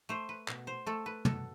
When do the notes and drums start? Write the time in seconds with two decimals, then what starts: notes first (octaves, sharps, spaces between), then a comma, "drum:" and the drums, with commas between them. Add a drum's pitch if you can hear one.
0.09 A3 C5
0.29 B4
0.48 B2, drum: clap
0.67 C5
0.86 A3 A4
1.06 B4
1.25 B2 A4, drum: tom